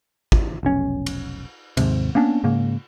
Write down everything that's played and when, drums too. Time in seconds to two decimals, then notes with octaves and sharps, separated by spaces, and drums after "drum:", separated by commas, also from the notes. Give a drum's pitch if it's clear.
0.32 drum: kick
0.63 F1 B1 C#4
1.06 drum: cymbal
1.77 D#2 G#2 C3, drum: cymbal
2.15 A#3 B3 C#4 D4
2.44 G#2 C#3 A#3